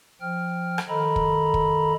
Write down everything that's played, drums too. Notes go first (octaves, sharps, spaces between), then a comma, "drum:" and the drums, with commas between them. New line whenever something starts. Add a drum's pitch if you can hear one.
F3 G5 F6
drum: rim click
D#3 A4 D#5 A#5 B5
drum: kick
drum: kick